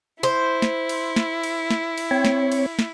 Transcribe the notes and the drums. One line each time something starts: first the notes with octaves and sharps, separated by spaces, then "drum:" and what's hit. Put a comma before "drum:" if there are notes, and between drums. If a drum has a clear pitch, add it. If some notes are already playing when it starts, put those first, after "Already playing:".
E4 C5
drum: snare
drum: cymbal
drum: snare
drum: cymbal
drum: snare
drum: cymbal
C4 C#5
drum: snare
drum: cymbal
drum: snare